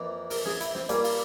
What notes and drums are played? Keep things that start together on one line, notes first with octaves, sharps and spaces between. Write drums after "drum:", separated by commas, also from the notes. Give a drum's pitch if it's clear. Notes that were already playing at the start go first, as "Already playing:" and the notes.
Already playing: F2 E3 A#3
A#4, drum: open hi-hat
G#4, drum: snare
E4, drum: hi-hat
C4, drum: snare
A#2 G3 A#3 C#4, drum: hi-hat
F4, drum: open hi-hat